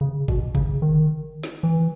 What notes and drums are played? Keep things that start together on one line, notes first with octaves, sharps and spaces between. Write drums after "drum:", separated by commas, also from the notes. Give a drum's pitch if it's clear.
C#3
B2, drum: kick G1
C#3, drum: kick G1
D#3
drum: snare
E3